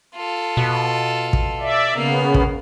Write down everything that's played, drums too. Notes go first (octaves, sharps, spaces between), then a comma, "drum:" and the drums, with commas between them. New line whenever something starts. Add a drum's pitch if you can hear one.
F4 A4
B2
drum: kick
D5 E5
C#3 A#3 B3 F5
drum: kick